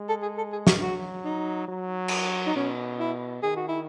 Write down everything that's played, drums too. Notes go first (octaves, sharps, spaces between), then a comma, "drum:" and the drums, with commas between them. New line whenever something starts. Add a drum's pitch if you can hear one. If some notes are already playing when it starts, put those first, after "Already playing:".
Already playing: G#3
A4
G#4
A4
G#4
F#4, drum: snare
F#3 F#4
D#4
F#3
drum: cymbal
D#4
B2 C#4
E4
D#3 G#4
F#4
E4